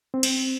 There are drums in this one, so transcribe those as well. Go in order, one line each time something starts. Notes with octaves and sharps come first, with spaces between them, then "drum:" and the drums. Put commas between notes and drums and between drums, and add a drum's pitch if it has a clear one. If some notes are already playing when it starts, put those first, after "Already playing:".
C4
drum: cymbal